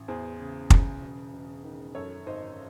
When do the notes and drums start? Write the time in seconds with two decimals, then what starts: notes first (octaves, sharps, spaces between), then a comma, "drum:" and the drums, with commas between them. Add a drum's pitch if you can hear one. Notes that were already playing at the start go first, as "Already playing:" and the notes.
Already playing: A1
0.08 E2 G#4 C5
0.40 C#3
0.70 C#3, drum: kick
1.02 E1
1.33 E1
1.64 D#3
1.95 F#2 A4 C#5
2.26 G#1 C5 D#5